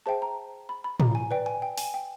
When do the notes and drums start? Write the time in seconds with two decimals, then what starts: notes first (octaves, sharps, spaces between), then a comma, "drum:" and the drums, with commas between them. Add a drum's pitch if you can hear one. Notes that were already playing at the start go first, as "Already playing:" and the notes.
0.06 G#4 C5 E5 G5 A5
0.22 A#5
0.69 B5
0.84 B5
1.00 A#5, drum: tom A2
1.15 G#5
1.31 B4 D5 G5
1.46 G#5
1.62 G5
1.78 G#5, drum: open hi-hat
1.94 G5